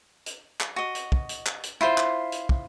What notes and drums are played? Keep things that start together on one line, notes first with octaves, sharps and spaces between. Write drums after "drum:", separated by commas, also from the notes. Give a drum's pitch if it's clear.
drum: hi-hat
drum: clap
F#4 D#5
drum: hi-hat
drum: kick
drum: hi-hat
drum: clap
drum: hi-hat
E4 F4 C5
drum: clap
drum: hi-hat
drum: kick